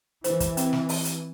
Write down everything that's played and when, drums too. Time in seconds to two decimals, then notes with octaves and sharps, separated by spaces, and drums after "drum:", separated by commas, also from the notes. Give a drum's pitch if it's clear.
0.24 E3 C5, drum: hi-hat
0.40 drum: kick, hi-hat
0.57 C4, drum: hi-hat
0.73 drum: snare
0.89 drum: open hi-hat
1.05 drum: hi-hat